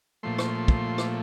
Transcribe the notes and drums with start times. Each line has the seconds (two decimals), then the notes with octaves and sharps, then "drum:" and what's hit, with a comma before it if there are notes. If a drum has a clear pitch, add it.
0.23 A#2 F3 A3 C6
0.39 drum: rim click
0.68 drum: kick
0.98 drum: rim click